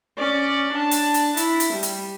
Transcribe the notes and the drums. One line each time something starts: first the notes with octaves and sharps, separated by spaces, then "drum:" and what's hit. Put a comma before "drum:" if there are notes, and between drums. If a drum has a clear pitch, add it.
C#4 D5
D4 A5
drum: hi-hat
drum: hi-hat
E4, drum: hi-hat
drum: hi-hat
G3
drum: hi-hat